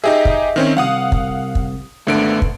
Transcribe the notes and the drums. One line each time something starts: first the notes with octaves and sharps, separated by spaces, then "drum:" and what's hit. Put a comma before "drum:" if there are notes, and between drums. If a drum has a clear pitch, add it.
D#4 G4 G#4 D#5 E5
drum: kick
D#3 C4 C#4
C2 F#2 F5 F#5 D#6
drum: kick
drum: kick
G#1 D3 A3 B3 D7
drum: kick